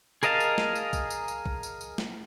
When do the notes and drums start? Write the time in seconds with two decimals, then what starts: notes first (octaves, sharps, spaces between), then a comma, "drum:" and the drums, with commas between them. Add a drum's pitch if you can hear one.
0.23 G#4 A#4 D#5 F5 A5, drum: tambourine
0.40 drum: tambourine
0.58 drum: snare
0.75 drum: tambourine
0.93 drum: kick, tambourine
1.10 drum: tambourine
1.28 drum: tambourine
1.46 drum: kick
1.63 drum: tambourine
1.81 drum: tambourine
1.98 drum: snare